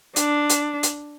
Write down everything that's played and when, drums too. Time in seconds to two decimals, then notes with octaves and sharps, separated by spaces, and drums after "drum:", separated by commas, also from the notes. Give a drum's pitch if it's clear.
0.16 D4, drum: hi-hat
0.49 drum: hi-hat
0.83 drum: hi-hat